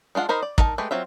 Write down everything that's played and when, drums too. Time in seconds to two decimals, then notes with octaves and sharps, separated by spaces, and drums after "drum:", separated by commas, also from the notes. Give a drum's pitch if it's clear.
0.15 G#3 D4 F4 F#5
0.29 D#4 A#4 C5 D#5 B5
0.42 D5
0.58 D#4 A#4 A5, drum: kick
0.78 G#3 A3 G4 B4
0.91 F#3 C4 F4 E5